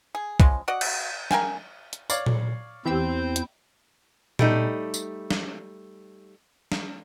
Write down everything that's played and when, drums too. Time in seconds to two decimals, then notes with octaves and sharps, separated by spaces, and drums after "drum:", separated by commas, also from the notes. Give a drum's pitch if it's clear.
0.15 G#4
0.40 C#3 F3 G#3, drum: kick
0.68 F#4 D5 D#5 F#5
0.81 drum: cymbal
1.31 A#4 F5 G5 G#5, drum: snare
1.93 drum: hi-hat
2.10 C#5 D5 F5, drum: tambourine
2.26 drum: tom A#2
2.86 E2 E3 C4 E4 G4 E6 G6
3.36 drum: hi-hat
4.39 G3 A3 D#4, drum: tom A#2
4.94 drum: tambourine
5.31 drum: snare
6.72 drum: snare